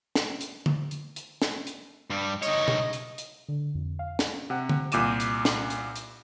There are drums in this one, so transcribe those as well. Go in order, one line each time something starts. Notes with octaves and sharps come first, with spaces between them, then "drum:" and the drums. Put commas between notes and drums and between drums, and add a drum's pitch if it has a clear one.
drum: snare
drum: hi-hat
drum: tom D3
drum: hi-hat
drum: hi-hat
drum: snare
drum: hi-hat
G2 G3
D#4 C#5 D#5, drum: hi-hat
drum: tom
drum: hi-hat
drum: hi-hat
D3
F2
F5
drum: snare
C3 F#5
drum: tom D3
C2 A#2 D6 D#7 E7, drum: hi-hat
drum: hi-hat
drum: snare
drum: hi-hat
drum: hi-hat